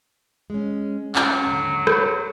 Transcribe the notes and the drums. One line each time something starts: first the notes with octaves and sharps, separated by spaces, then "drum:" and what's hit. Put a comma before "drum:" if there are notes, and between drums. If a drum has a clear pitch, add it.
G#3 C#4
F#3 C#4 G5, drum: clap
D#2 G#2 D3
G4 C#5, drum: rim click